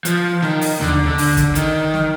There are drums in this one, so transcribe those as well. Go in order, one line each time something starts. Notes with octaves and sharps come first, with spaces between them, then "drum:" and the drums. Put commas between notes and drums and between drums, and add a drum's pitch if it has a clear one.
F3, drum: hi-hat
D#3, drum: snare
drum: open hi-hat
D3, drum: tom D2
D3
drum: open hi-hat
drum: kick, hi-hat
D#3, drum: hi-hat
drum: snare